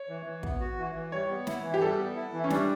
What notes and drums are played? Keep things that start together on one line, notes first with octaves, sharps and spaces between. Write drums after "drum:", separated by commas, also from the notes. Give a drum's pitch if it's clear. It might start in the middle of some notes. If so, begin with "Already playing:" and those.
Already playing: C#5
E3
E3
B3, drum: kick
F#4
E3
E3
G3 C#5
B3
E4, drum: snare
E3
G4
G3 A4
B3
E4
E3
C#4
G3 D4, drum: snare